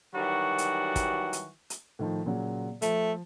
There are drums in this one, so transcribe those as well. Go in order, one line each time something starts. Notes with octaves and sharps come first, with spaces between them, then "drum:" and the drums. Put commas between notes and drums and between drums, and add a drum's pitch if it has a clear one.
D#3 E3 F#3 G3 F#4
drum: hi-hat
drum: kick, hi-hat
drum: hi-hat
drum: hi-hat
A2 D#3 F3
A#2 C#3 F#3
F3 A3, drum: hi-hat